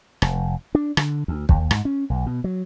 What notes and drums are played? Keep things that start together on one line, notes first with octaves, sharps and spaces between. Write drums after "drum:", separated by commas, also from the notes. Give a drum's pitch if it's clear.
F1, drum: rim click
D4
D3, drum: rim click
D2
D#2, drum: kick
G#2, drum: rim click
C#4
B1
B2
F#3